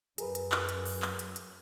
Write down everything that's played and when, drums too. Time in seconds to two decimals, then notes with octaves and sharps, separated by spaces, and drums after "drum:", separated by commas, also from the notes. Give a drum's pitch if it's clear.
0.18 F#2 G#4 A#4 B4, drum: hi-hat
0.35 drum: hi-hat
0.52 drum: clap
0.69 drum: hi-hat
0.85 drum: open hi-hat
1.02 drum: clap
1.19 drum: hi-hat
1.36 drum: hi-hat